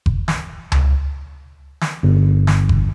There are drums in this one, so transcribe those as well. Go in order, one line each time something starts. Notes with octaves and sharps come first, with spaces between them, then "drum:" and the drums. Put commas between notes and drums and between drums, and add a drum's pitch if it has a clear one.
drum: kick F#1
drum: snare
drum: tom C#2
drum: snare
G1
drum: snare
drum: kick F#1